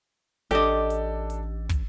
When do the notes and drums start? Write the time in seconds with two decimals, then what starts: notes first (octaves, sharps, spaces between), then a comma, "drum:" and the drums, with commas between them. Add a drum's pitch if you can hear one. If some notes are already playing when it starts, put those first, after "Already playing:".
0.51 A1 D4 G4 A4 D5 D#5, drum: hi-hat
0.90 drum: hi-hat
1.30 drum: hi-hat
1.69 drum: kick, hi-hat